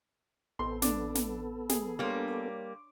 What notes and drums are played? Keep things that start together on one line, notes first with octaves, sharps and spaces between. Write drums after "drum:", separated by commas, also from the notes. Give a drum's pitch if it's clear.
A1 B3 C4 A4 C6
D4, drum: snare
drum: snare
G#4, drum: snare
G3 A#3 D4 C#5 C6
D6